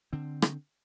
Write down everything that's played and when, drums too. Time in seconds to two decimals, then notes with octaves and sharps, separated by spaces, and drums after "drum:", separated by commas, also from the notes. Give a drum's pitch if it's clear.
0.13 D3 C4
0.42 drum: rim click